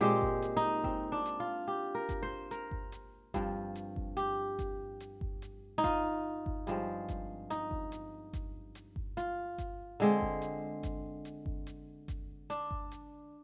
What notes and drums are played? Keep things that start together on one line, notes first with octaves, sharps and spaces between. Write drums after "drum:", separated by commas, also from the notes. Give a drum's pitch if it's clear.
A#2 G#3 C4 G4
drum: kick G1
drum: hi-hat
D#4
C4, drum: kick G1
D4
drum: hi-hat
F4
G4
A#4
drum: kick G1, hi-hat
C5
A#4, drum: hi-hat
drum: kick G1
drum: hi-hat
G2 F3 C4, drum: kick G1, hi-hat
drum: hi-hat
drum: kick G1
G4, drum: hi-hat
drum: kick G1, hi-hat
drum: hi-hat
drum: kick G1
drum: hi-hat
D#4
F4, drum: kick G1, hi-hat
drum: kick G1
G2 F3 G#3 C4, drum: hi-hat
drum: kick G1, hi-hat
D#4, drum: hi-hat
drum: kick G1
drum: hi-hat
drum: kick G1, hi-hat
drum: hi-hat
drum: kick G1
F4, drum: hi-hat
drum: kick G1, hi-hat
D3 G#3 C4, drum: hi-hat
drum: kick G1
drum: hi-hat
drum: kick G1, hi-hat
drum: hi-hat
drum: kick G1
drum: hi-hat
drum: kick G1, hi-hat
D4, drum: hi-hat
drum: kick G1
drum: hi-hat